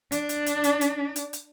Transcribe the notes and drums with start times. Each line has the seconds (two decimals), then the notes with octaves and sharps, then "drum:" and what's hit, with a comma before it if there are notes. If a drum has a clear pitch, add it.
0.12 D4, drum: hi-hat
0.29 drum: hi-hat
0.46 drum: hi-hat
0.64 drum: hi-hat
0.81 drum: hi-hat
1.16 drum: hi-hat
1.33 drum: hi-hat